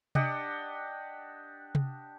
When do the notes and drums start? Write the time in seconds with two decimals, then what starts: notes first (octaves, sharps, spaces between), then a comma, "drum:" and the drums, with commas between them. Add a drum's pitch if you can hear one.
0.15 D4 G4 D#5 F#5, drum: tom C3
1.75 drum: tom C3